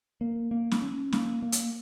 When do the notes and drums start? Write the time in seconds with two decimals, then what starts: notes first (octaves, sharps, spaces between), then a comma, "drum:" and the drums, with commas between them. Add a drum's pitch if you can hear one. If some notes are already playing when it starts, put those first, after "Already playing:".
0.21 A#3
0.51 A#3
0.71 drum: snare
0.82 C#4
1.13 A#3, drum: snare
1.42 A#3
1.52 drum: hi-hat